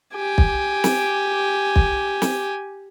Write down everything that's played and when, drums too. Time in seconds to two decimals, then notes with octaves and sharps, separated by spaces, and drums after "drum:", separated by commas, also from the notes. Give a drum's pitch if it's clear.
0.15 G4 G#5
0.38 drum: kick
0.84 drum: snare
1.76 drum: kick
2.22 drum: snare